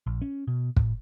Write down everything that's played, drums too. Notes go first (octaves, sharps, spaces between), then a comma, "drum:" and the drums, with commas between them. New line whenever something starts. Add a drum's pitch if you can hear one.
A#1
C#4
B2
A2, drum: kick